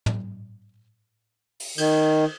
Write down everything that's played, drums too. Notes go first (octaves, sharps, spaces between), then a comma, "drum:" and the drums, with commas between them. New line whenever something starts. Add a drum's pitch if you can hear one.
drum: tom
drum: open hi-hat
D#3, drum: cymbal